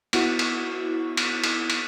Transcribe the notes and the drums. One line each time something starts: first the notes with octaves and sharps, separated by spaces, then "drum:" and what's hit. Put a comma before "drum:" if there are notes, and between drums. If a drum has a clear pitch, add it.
B3 E4 F#4 C#6, drum: cymbal
drum: cymbal
drum: cymbal
drum: cymbal
drum: cymbal